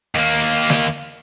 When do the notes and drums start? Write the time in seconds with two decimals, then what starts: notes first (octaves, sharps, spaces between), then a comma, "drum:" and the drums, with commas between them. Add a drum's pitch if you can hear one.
0.15 D#2 A#3
0.33 drum: hi-hat
0.70 drum: snare